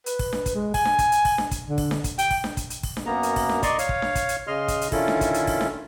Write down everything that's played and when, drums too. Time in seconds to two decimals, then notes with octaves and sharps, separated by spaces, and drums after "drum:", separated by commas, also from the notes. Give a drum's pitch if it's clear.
0.06 B4, drum: hi-hat
0.19 drum: kick, open hi-hat
0.33 drum: snare D4
0.46 drum: kick, hi-hat
0.55 G#3
0.74 G#5, drum: kick, open hi-hat
0.85 drum: snare D4
0.99 drum: kick, hi-hat
1.12 drum: hi-hat
1.25 drum: kick, open hi-hat
1.38 drum: snare D4
1.51 drum: kick, hi-hat
1.68 D3
1.78 drum: kick, open hi-hat
1.91 drum: snare D4
2.04 drum: kick, hi-hat
2.18 G5, drum: hi-hat
2.31 drum: kick, open hi-hat
2.44 drum: snare D4
2.57 drum: kick, hi-hat
2.70 drum: hi-hat
2.83 drum: kick, open hi-hat
2.97 drum: snare D4
3.06 F#2 A#3 B3 A#5
3.23 drum: hi-hat
3.36 drum: kick, open hi-hat
3.49 drum: snare D4
3.63 D5 D#5 A#5 C6 C#6, drum: kick, hi-hat
3.79 C#5 F5, drum: hi-hat
3.89 drum: kick
4.02 drum: snare D4
4.15 drum: kick, hi-hat
4.29 drum: hi-hat
4.47 C#3 D#5 C6 F6
4.68 drum: kick, hi-hat
4.81 drum: hi-hat
4.92 D3 D#3 C#4 E4 F4 A4, drum: kick, open hi-hat
5.08 drum: snare D4
5.21 drum: kick, hi-hat
5.34 drum: hi-hat
5.47 drum: kick, open hi-hat
5.61 drum: snare D4